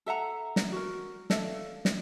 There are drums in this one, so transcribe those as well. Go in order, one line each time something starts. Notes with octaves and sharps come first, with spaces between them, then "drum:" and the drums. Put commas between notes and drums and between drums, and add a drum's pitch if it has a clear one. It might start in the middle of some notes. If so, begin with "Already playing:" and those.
A4 E5 F#5 A#5
drum: snare
F#4 A#4
A4 D5 E5 F5, drum: snare
drum: snare